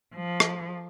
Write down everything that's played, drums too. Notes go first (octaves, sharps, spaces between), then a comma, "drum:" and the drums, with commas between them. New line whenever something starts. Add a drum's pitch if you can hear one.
F3
drum: rim click